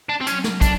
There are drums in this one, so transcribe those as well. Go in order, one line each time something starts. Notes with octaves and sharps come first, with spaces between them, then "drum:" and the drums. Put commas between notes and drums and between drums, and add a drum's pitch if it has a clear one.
D4
C4
F#3 C#4, drum: hi-hat
drum: snare
D4, drum: kick, hi-hat